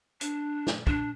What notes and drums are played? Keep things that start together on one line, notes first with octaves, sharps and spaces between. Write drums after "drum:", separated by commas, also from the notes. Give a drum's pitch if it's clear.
D4, drum: hi-hat
drum: snare
D4, drum: kick